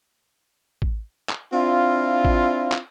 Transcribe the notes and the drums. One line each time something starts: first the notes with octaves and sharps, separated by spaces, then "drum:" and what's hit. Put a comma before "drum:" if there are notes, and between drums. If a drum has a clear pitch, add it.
drum: kick A1
drum: clap
C4 D4 E4 F4
drum: kick A1
drum: clap